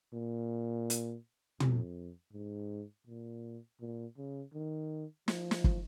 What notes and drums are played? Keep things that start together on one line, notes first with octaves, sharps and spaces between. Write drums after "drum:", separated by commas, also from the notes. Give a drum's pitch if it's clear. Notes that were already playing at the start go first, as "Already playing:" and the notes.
A#2
drum: hi-hat
F2, drum: tom
G#2
A#2
A#2
C#3
D#3
F3, drum: snare
drum: snare
drum: kick